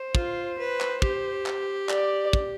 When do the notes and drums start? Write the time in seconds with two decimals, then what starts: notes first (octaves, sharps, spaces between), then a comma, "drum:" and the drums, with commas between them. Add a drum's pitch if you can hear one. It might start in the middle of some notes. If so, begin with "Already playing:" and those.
Already playing: C5
0.15 F4, drum: kick
0.58 B4
0.81 drum: clap
1.02 G4, drum: kick
1.46 drum: clap
1.89 D5, drum: clap
2.33 drum: kick